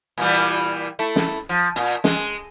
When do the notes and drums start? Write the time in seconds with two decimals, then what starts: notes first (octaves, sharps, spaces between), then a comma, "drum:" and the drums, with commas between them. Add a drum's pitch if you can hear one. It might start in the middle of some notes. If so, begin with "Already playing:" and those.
0.18 A#2 E3 G3
0.99 A3 E4
1.16 drum: snare
1.49 F3
1.76 A#2, drum: hi-hat
2.04 G#3, drum: snare